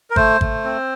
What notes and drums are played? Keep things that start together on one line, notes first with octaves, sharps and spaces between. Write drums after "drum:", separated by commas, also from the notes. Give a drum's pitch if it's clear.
A#4
A3 C5, drum: kick
A3, drum: kick
C4